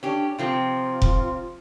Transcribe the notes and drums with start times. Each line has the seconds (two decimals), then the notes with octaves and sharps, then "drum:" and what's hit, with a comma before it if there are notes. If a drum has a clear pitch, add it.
0.03 C#4 D4 G4
0.38 C3 F3 C4 F4
1.02 drum: kick F1